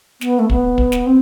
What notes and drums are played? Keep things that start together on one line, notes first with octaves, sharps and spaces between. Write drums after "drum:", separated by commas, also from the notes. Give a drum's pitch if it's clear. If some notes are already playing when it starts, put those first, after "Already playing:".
B3, drum: snare
A3
B3, drum: kick
drum: kick
drum: snare
C4